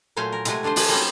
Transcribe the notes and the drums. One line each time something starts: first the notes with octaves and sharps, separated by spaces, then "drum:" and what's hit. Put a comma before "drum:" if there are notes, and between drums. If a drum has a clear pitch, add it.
A#2 F#3 A3 C5 F5 G#5
A#4
C3 G#3 A3 F4 F#5 G#5, drum: hi-hat
D3 D4 F4 G#4 C5
A3 D4 F4 G#4, drum: open hi-hat
F#3 G3 A#3 C4 C#4 D#4